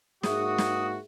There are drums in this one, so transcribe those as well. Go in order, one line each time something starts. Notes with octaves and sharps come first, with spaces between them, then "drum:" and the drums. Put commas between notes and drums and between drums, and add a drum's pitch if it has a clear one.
G#2 A#3 F#4 G#4 E5 D#6, drum: snare
drum: snare